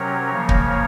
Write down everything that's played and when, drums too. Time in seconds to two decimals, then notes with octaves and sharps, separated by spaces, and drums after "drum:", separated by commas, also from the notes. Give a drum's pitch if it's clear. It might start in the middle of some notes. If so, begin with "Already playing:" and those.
Already playing: C3 F#3 C#4 A#4 C#5
0.31 C#3 F3 A#3
0.49 drum: kick